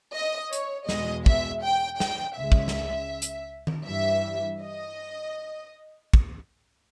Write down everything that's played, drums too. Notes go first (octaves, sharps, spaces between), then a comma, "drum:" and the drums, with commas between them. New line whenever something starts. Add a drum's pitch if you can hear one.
D#5
C#5, drum: hi-hat
E2 B2 G#3 D#5, drum: snare
E5, drum: kick
G5
G5, drum: snare
C#2 C#3 G#3 E5
drum: kick
drum: snare
drum: hi-hat
drum: tom D#3
G2 E3 G3 E5
D#5
drum: kick